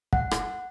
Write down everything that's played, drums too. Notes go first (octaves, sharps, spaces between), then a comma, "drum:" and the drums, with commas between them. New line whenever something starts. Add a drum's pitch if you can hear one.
F#5, drum: kick
drum: rim click